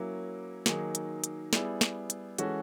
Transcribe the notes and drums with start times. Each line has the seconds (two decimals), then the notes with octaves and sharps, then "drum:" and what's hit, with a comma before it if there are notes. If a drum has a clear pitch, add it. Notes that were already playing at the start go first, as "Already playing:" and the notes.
Already playing: F#3 A#3 C#4 E4
0.66 D#3 F#3 A#3 D#4 G#4, drum: snare
0.95 drum: hi-hat
1.24 drum: hi-hat
1.53 G3 B3 E4 G#4, drum: snare
1.81 drum: snare
2.10 drum: hi-hat
2.38 E3 G#3 C#4 F#4 A4, drum: hi-hat